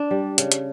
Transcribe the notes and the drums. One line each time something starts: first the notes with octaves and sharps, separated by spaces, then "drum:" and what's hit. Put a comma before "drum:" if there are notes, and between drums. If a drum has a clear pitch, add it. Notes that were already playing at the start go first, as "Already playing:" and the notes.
Already playing: D4
G3
C#3, drum: hi-hat
drum: hi-hat